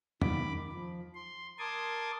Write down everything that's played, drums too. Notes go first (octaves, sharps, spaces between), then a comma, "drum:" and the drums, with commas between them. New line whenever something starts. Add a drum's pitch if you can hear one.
D#3 B5 D6, drum: tom E2
F3
C6
A#4 A5 C6 D6 D#6 G#6